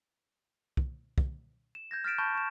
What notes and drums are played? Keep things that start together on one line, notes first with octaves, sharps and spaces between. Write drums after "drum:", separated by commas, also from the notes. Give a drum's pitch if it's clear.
drum: kick
drum: kick
E7
G6 G#6 A#6
F6 A6 B6 D7 E7
A5 B5 C#6 G6
C#6 E7